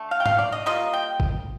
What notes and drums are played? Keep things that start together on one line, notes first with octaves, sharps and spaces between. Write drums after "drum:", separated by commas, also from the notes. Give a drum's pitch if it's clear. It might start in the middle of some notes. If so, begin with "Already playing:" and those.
Already playing: D3 A3
F5
G5
F5, drum: tom G#2
D5
D#5
G3 A#3 F4 D#5
G5
drum: kick